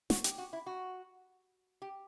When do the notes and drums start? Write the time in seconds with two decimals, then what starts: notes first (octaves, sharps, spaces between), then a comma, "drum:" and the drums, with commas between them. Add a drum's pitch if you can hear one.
0.10 F#4, drum: snare
0.24 G4, drum: hi-hat
0.38 F#4
0.53 E4
0.67 F#4
1.82 G4